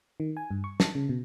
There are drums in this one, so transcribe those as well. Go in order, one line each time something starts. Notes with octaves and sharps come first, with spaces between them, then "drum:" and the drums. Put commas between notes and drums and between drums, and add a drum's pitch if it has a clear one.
D#3
G#5
G2
C#6
A5, drum: snare
C#3
B2